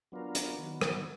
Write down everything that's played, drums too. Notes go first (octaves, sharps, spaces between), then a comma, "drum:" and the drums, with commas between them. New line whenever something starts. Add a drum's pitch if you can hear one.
F#3 B3 D4 F4 A#4
drum: hi-hat
D#3 F#3 B3
drum: rim click